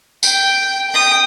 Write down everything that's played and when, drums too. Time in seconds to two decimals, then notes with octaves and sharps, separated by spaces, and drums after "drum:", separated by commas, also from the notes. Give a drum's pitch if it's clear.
0.23 G5, drum: tambourine
0.90 G5 D#6